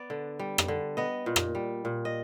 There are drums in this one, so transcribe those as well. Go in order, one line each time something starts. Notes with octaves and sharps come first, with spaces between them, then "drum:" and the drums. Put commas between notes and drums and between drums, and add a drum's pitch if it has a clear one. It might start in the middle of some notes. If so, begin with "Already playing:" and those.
Already playing: B3 D5
D3
G3
drum: rim click
D3
B3 D#5
A#2
drum: rim click
G3
A#2
D#5